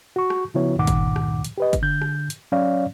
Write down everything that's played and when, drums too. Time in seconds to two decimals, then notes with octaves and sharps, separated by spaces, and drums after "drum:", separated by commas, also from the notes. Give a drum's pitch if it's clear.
0.16 F#4 C#6
0.30 drum: rim click
0.54 C#3 F3 B3 E4 F#4 C#5
0.78 C#2 G2 A#2 D#3 F#5 D6
0.87 drum: kick G1, hi-hat
1.16 drum: rim click
1.44 drum: hi-hat
1.58 G4 B4 D#5
1.73 drum: kick G1, hi-hat
1.82 D3 G6
2.02 drum: rim click
2.30 drum: hi-hat
2.52 F#3 C#4 C#5 D5 F5